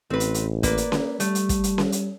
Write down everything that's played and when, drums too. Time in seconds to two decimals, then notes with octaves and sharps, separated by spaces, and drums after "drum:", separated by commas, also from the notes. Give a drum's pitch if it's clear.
0.10 A1 C4 B4
0.20 drum: hi-hat
0.34 drum: hi-hat
0.63 A#3 B4 D5, drum: kick, hi-hat
0.77 drum: hi-hat
0.92 drum: snare C#4
1.20 G3 A3, drum: hi-hat
1.35 drum: hi-hat
1.49 drum: kick, hi-hat
1.64 drum: hi-hat
1.78 drum: snare C#4
1.92 drum: hi-hat